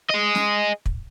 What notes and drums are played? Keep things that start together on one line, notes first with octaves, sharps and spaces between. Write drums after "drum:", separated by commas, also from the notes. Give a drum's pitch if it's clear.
G#4 D#5
drum: snare
drum: kick